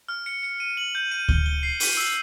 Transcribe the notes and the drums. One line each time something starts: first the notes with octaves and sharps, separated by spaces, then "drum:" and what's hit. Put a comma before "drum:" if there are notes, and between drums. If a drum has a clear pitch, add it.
F6
C#7
C#7
D#7
F#7
G6
D#7
G7, drum: kick D2
G7
C7
D#7, drum: open hi-hat
E6